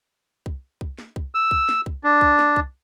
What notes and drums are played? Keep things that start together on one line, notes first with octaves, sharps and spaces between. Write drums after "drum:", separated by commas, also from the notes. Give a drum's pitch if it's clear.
drum: kick C2
drum: kick C2
drum: snare
drum: kick C2
E6
drum: kick C2
drum: snare
drum: kick C2
D4
drum: kick C2
drum: snare
drum: kick C2